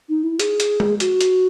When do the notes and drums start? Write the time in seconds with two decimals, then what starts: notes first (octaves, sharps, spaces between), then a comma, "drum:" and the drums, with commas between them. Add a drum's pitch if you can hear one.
0.09 D#4
0.24 E4
0.40 G#4, drum: hi-hat
0.60 drum: hi-hat
0.80 drum: tom G#3
1.00 F#4, drum: hi-hat
1.21 drum: hi-hat